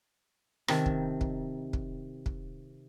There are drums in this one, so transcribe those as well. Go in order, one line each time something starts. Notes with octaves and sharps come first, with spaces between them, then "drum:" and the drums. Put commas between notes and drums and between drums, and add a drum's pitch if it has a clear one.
C3 D#3 E5 A5, drum: rim click
drum: kick
drum: kick
drum: kick
drum: kick